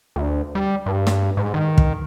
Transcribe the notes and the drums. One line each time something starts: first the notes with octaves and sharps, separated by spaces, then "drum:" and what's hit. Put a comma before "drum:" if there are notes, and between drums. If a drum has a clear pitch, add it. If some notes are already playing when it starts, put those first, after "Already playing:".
D2
G3
G2
drum: snare
G#2
D#3
drum: kick